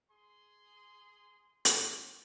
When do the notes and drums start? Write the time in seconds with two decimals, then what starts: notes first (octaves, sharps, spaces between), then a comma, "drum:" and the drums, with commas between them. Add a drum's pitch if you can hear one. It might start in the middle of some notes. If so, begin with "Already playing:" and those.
0.11 G#4 C6
1.65 drum: hi-hat